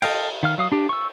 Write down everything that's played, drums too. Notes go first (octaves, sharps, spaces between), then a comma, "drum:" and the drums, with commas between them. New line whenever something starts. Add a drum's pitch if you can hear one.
A4 D#5 F5 G5, drum: cymbal
D#3 F5 F6
F#3 F5 D#6
D4 G4
C#6 E6